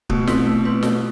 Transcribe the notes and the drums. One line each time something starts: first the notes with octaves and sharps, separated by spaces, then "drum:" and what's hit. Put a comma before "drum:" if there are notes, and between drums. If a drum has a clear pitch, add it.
B2 A3, drum: kick D1
C4 E4 B4, drum: snare
A3
C4 E4 B4
B2 A3, drum: snare